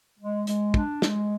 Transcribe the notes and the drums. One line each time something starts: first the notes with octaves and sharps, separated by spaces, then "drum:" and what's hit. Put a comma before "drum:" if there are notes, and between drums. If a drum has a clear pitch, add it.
G#3
G#3, drum: hi-hat
D4, drum: kick
G#3, drum: snare